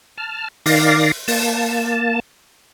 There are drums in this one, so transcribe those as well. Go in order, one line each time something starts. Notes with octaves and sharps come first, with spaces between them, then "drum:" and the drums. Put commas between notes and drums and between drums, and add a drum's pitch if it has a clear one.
A5 F6
D#3 D5 F5 A#6, drum: open hi-hat
A#3 A5, drum: open hi-hat